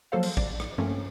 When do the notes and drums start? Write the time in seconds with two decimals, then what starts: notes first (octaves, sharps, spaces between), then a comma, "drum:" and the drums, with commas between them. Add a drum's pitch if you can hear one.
0.12 F3 F#3 A#3 A4 C5 F5
0.23 drum: cymbal
0.37 D5, drum: kick A1
0.60 drum: rim click
0.78 G2 F3 A3 A#3 C4 C#4